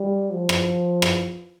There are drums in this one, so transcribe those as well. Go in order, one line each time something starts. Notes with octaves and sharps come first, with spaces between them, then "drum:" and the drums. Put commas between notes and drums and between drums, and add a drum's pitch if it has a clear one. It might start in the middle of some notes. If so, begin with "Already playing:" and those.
Already playing: G3
F3
drum: rim click
drum: rim click